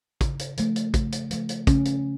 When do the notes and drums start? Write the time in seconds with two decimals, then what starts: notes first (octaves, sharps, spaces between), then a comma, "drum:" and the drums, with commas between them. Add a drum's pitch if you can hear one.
0.21 C#3, drum: kick, hi-hat
0.39 drum: hi-hat
0.57 F3 A3, drum: hi-hat
0.76 drum: hi-hat
0.94 C#3, drum: kick, hi-hat
1.12 drum: hi-hat
1.31 F3 A3, drum: hi-hat
1.49 drum: hi-hat
1.67 C#3 C#4, drum: kick, hi-hat
1.85 drum: hi-hat